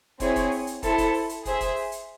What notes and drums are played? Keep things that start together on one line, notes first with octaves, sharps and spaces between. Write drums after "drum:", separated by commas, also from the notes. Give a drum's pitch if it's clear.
C4 E4 G#4 C#5 G#5, drum: kick, hi-hat
drum: kick, hi-hat
drum: open hi-hat
drum: hi-hat
E4 A4 C5, drum: kick, hi-hat
drum: kick, hi-hat
drum: open hi-hat
drum: hi-hat
G#4 C5 E5, drum: kick, hi-hat
drum: kick, hi-hat
drum: open hi-hat
drum: hi-hat